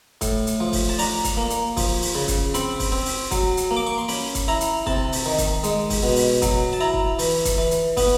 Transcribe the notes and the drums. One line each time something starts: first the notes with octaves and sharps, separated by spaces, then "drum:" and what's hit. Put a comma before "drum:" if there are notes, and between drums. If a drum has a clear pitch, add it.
A2, drum: kick, hi-hat
drum: hi-hat
F3
drum: kick, open hi-hat
A5
D4 A#5, drum: open hi-hat
drum: kick, hi-hat
A#3
drum: hi-hat
F3, drum: kick, open hi-hat
drum: open hi-hat
C#3
drum: kick, hi-hat
C4 B5, drum: hi-hat
drum: kick, open hi-hat
C4
drum: open hi-hat
F#3, drum: kick, hi-hat
drum: hi-hat
A#3
D6
C#6
C6
C#4 B5, drum: open hi-hat
drum: kick, hi-hat
E4 A#5
drum: hi-hat
C3 A5, drum: kick
drum: open hi-hat
D#3
drum: kick, hi-hat
G#3, drum: hi-hat
drum: kick, open hi-hat
B2
drum: open hi-hat
F#3, drum: kick, hi-hat
A5
E4 A#5
drum: kick
E3, drum: open hi-hat
drum: kick, hi-hat
E3
drum: hi-hat
B3, drum: kick, open hi-hat